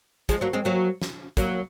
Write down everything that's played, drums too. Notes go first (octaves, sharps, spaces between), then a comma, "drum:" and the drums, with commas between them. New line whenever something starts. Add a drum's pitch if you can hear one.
F3 G#3, drum: kick, hi-hat
F#3 A#3
G#3 C4
F#3 A#3
drum: snare
F#3 A#3, drum: kick, hi-hat